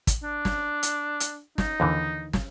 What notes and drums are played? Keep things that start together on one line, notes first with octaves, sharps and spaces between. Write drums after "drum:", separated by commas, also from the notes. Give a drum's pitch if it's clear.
drum: kick, hi-hat
D4
drum: snare
drum: hi-hat
drum: hi-hat
D#4, drum: snare
D#2 D3 E3
drum: snare